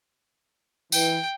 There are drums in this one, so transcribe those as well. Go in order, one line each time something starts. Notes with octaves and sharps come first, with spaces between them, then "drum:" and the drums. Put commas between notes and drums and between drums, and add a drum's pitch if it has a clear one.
E3 G5, drum: tambourine